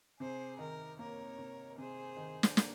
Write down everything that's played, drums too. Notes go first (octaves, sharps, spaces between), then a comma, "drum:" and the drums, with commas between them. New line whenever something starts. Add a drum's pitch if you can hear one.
C3 G#4 C5
D#3 A#4
A#3 A#4 C#5
C3
C3 G#4 C5
D#3
drum: snare
A#3, drum: snare